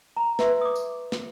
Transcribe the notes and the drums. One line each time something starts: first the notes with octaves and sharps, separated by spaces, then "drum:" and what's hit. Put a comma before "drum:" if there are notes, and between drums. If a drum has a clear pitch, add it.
A#5
B4 E5 C6 C#6, drum: snare
D6 D#6
drum: tambourine
drum: snare